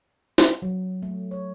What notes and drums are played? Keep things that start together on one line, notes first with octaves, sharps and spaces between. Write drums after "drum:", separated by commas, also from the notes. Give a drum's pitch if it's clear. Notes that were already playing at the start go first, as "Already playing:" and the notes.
drum: snare
F#3
A3
C#5